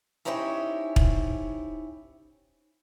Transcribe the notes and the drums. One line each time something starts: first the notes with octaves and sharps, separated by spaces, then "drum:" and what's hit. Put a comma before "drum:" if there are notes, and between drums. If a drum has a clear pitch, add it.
C#4 D#4 E4 G4 C5 C#5
drum: kick